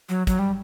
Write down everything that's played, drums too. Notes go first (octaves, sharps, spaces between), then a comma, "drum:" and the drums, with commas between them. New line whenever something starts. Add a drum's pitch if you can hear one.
F#3
F#3, drum: kick, hi-hat
G3